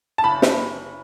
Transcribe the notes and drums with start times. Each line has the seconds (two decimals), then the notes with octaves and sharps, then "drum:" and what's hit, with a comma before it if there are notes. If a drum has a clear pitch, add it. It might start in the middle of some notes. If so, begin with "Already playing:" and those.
0.18 A5
0.24 F#1 B5
0.42 drum: snare